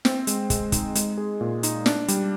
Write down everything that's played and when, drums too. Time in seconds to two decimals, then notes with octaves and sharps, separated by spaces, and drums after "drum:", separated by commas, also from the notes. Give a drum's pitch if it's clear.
0.05 C4, drum: snare
0.27 G#3, drum: hi-hat
0.50 G#3, drum: kick, hi-hat
0.72 D#4, drum: kick, hi-hat
0.95 G#3, drum: hi-hat
1.18 G#4
1.41 A#2
1.63 D#4, drum: hi-hat
1.86 D4, drum: snare
2.08 G3, drum: hi-hat